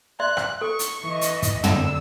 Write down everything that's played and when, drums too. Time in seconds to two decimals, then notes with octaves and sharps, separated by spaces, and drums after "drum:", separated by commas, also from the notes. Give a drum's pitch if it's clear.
0.20 D5 E5 C6 F#6
0.37 drum: rim click
0.61 A4 C#6
0.79 drum: hi-hat
1.03 E3 D#5
1.21 drum: hi-hat
1.42 drum: kick, hi-hat
1.64 D3 A5 E6, drum: tom